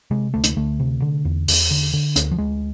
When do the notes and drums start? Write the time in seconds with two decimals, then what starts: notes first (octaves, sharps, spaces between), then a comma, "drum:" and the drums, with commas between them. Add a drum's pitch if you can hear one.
0.11 C3 G#3
0.34 D2 A3
0.44 drum: hi-hat
0.57 D2 A3
0.80 C3
1.02 D3
1.25 E2
1.48 E2, drum: open hi-hat
1.71 D3
1.94 D3
2.16 D2, drum: hi-hat
2.31 F3
2.38 D2 G#3